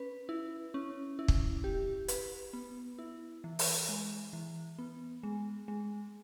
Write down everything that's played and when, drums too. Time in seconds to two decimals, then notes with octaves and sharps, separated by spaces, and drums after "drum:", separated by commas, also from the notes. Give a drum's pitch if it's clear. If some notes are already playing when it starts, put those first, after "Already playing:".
Already playing: C#4 B4
0.29 E4
0.74 C#4
1.19 E4
1.28 drum: kick
1.64 G4
2.08 B4, drum: hi-hat
2.53 B3
2.99 E4
3.44 E3
3.59 drum: open hi-hat
3.89 G#3
4.33 E3
4.79 B3
5.23 G#3
5.68 G#3